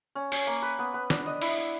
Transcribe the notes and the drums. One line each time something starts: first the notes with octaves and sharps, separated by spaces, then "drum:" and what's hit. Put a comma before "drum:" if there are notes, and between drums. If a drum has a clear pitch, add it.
C#4
C#4, drum: open hi-hat
A#3
B4
B3
B3
D4, drum: snare
D#5
E4, drum: open hi-hat
E5